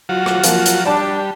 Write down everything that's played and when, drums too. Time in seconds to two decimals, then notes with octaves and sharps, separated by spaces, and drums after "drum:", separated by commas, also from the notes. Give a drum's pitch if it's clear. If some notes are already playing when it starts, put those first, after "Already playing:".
0.09 F#3 F4 F#4
0.26 drum: rim click
0.43 F3 A#3, drum: hi-hat
0.66 drum: hi-hat
0.85 G3 D4 D5 A5